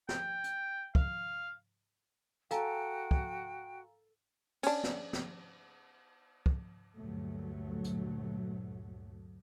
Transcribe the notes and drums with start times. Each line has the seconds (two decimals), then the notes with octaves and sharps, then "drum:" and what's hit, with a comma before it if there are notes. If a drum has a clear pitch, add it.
0.09 G5, drum: snare
0.44 drum: hi-hat
0.95 F5, drum: kick
2.51 F#4 A4 F5 G5 G#5 A#5, drum: hi-hat
3.11 drum: kick
4.63 C#4 D4, drum: cymbal
4.83 drum: snare
5.13 drum: snare
6.46 drum: kick
6.97 D2 G2 A#2 F#3 A3
7.84 drum: hi-hat